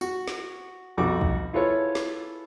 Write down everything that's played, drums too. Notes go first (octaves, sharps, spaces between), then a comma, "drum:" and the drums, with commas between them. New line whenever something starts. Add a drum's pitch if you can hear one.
F#4, drum: tambourine
drum: snare
B1 F2 D#4 F#4 A4 D6
drum: kick
E4 F4 G#4 A4 B4 C#5
drum: snare